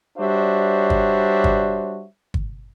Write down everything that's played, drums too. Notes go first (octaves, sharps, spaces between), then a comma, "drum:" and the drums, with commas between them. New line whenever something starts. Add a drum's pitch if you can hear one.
G3 D4 F#4 C5 C#5 E5
drum: kick G1
drum: kick G1
drum: kick G1